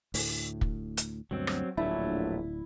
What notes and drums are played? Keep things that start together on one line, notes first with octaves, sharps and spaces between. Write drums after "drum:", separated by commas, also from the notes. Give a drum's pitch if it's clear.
D2 A2, drum: open hi-hat
drum: kick
drum: hi-hat
D2 G2 B2 F#3 C4
drum: rim click
D1 A#1 F#3 A3 D4 E4